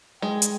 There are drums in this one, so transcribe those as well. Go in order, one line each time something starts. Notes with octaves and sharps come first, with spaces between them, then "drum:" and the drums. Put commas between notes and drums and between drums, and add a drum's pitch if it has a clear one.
G#3 G5
drum: hi-hat